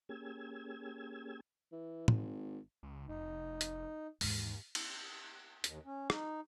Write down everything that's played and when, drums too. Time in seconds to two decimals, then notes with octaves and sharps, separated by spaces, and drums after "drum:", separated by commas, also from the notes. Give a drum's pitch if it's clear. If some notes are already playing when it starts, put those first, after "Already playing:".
0.09 A#3 C#4 G4 G#4 E6 G#6
1.72 E3
2.08 G#1, drum: tom
2.83 C#2
3.08 F1 D#4
3.61 drum: hi-hat
4.21 D#2 G#2 E3, drum: open hi-hat
4.75 drum: cymbal
5.64 D#2, drum: hi-hat
5.86 C#4
6.10 D#4, drum: rim click